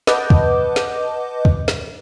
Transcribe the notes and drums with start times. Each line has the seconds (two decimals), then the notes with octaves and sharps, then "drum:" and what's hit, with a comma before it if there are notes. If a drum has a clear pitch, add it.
0.07 B4 D#5 F#5 A5 D6 G6, drum: snare
0.30 drum: kick
0.76 drum: snare
1.45 drum: kick
1.68 drum: snare